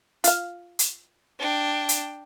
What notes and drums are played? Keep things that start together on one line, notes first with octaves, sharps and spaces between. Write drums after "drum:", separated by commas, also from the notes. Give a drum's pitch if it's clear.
F4 F5, drum: hi-hat
drum: hi-hat
D4 G5
drum: hi-hat